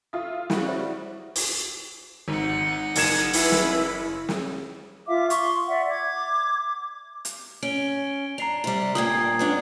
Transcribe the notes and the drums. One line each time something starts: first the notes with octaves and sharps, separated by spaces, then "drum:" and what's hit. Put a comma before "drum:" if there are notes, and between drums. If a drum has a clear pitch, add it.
E4 F4 A4 C#6 D#6
G3 E4 F#4, drum: snare
C5 D5 E5
drum: open hi-hat
G#1 D#4 F#5
F#1 A#4 D#6 G#6 E7, drum: open hi-hat
E4 B4 B5, drum: open hi-hat
drum: snare
drum: snare
F4 E5 F5 D6
C6 C#6, drum: hi-hat
D5 E5 F#5
D6 G#6
drum: hi-hat
C#4 D7 G7
D4 A#5 C7 F7
C3 G3
G2 A#2 A#3 D#6 G#6
B3 C#4 D4